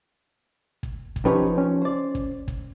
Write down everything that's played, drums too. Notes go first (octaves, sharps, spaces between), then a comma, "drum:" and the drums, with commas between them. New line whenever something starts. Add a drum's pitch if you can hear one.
drum: kick
drum: kick
F3 C#4 D#4 G4 B4 C#5
C#4
C5 D5
drum: kick
drum: kick